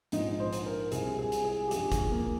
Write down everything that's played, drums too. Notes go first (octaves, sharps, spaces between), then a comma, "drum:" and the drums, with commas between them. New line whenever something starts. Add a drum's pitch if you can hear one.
A#1 G#2 F3 D#4, drum: hi-hat
C5
drum: hi-hat
A#4
C2 C3 G3 G#4, drum: hi-hat
G#4
drum: hi-hat
G#4
G4
G#1 G2 F3 G#4, drum: hi-hat
drum: kick, hi-hat
A#3